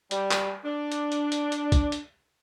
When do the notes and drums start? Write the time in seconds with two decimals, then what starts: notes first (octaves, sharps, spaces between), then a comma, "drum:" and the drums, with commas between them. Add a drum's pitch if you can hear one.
0.11 G3, drum: hi-hat
0.31 drum: clap
0.65 D4
0.92 drum: hi-hat
1.12 drum: hi-hat
1.32 drum: hi-hat
1.52 drum: hi-hat
1.72 drum: kick, hi-hat
1.92 drum: hi-hat